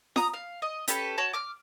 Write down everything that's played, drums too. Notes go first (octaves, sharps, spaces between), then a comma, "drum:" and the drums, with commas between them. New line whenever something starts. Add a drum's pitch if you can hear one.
A#5 D#6, drum: snare
F5
D#5
C#4 G4 A4 B4, drum: hi-hat
F#4 C#5 A5
D6 F6